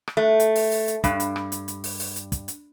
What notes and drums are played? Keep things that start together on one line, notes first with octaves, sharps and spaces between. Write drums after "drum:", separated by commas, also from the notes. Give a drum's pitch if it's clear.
drum: rim click
A3
drum: hi-hat
drum: open hi-hat
drum: open hi-hat
drum: hi-hat
G2, drum: kick, hi-hat
drum: hi-hat
drum: rim click
drum: hi-hat
drum: hi-hat
drum: open hi-hat
drum: open hi-hat
drum: hi-hat
drum: kick, hi-hat
drum: hi-hat